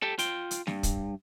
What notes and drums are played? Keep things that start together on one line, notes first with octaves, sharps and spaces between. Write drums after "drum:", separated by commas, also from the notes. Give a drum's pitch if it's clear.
G4 A4
F4 G5, drum: hi-hat
drum: hi-hat
G2, drum: snare
drum: kick, hi-hat